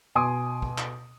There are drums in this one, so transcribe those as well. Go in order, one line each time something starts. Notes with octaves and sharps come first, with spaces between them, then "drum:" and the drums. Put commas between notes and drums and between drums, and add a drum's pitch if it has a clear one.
B2 G#5 C6 D6 D#6 D7
drum: kick
drum: clap